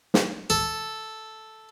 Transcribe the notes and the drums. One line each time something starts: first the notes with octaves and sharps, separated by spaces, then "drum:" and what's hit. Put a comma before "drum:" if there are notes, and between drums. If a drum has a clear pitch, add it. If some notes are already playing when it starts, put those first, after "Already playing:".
drum: snare
A4